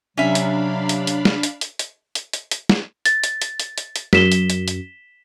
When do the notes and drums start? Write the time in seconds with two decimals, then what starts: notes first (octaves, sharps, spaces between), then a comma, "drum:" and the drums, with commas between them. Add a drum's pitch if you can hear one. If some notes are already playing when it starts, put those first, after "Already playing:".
0.17 C3 F#3 C#4 D4 E5 F5 B5
0.35 drum: hi-hat
0.89 drum: hi-hat
1.07 drum: hi-hat
1.25 drum: snare
1.43 drum: hi-hat
1.61 drum: hi-hat
1.79 drum: hi-hat
2.15 drum: hi-hat
2.33 drum: hi-hat
2.51 drum: hi-hat
2.69 drum: snare
3.05 A6, drum: hi-hat
3.24 drum: hi-hat
3.42 drum: hi-hat
3.60 drum: hi-hat
3.78 drum: hi-hat
3.96 drum: hi-hat
4.13 F#2 B6 E7 G7, drum: snare
4.32 drum: hi-hat
4.50 drum: hi-hat
4.68 drum: hi-hat